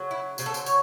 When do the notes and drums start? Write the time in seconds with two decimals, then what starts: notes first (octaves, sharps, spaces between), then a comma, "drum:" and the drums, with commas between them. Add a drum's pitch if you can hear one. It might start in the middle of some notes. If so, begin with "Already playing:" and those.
Already playing: C#3 F#3 C#4
0.11 E4
0.38 C#3 F#3 C#4 C5, drum: tambourine
0.46 A4
0.54 C5, drum: tambourine
0.66 C#5, drum: tambourine